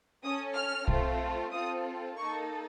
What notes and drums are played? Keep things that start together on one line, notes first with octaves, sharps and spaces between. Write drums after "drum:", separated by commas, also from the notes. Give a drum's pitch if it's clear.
C#4 A4 D#6
F6
A3 C4 F4 A4, drum: kick
C4 F4 A4 D#6
A#3 D#4 A4 C#6